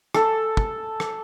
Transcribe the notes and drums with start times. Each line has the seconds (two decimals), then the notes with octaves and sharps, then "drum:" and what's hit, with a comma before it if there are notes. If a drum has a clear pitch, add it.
0.14 A4, drum: rim click
0.57 drum: kick
1.00 drum: rim click